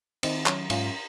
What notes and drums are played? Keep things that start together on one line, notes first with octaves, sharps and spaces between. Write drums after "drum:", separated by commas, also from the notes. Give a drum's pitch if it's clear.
D#3 C4 D#4, drum: cymbal
F#3 C#4, drum: clap
G#2 C#4 F4, drum: cymbal